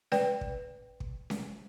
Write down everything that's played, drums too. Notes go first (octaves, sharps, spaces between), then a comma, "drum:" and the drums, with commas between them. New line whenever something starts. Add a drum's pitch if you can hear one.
B4 D5 G5, drum: snare C#4
drum: kick
drum: kick
drum: snare C#4